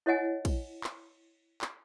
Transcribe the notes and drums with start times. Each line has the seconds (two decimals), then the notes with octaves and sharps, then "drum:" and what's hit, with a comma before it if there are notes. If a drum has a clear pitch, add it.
0.06 E4 C#5 D#5 F#5 G#5
0.45 drum: kick, cymbal
0.84 drum: clap
1.61 drum: clap